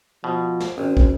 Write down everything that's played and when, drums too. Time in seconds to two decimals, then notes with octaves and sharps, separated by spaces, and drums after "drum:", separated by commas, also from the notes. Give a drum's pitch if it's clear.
0.24 B2 F3
0.60 drum: snare
0.78 G#1 C4 C#4
0.97 drum: kick